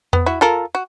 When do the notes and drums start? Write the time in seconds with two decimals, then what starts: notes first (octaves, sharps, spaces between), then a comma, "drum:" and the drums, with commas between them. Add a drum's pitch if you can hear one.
0.13 B3, drum: tom E2
0.26 E4 F#4
0.41 F4 A4 A#4
0.75 F#4